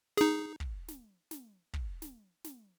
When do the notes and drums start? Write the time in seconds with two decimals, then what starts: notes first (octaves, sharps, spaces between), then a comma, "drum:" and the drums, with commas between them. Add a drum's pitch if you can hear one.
0.17 D#4 G#4, drum: snare
0.60 drum: kick
0.88 drum: snare
1.31 drum: snare
1.73 drum: kick
2.02 drum: snare
2.44 drum: snare